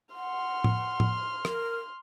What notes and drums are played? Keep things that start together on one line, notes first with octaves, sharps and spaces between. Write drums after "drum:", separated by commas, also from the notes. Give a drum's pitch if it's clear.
F#5 C6 F6
drum: tom A2
drum: tom A2
A#4, drum: rim click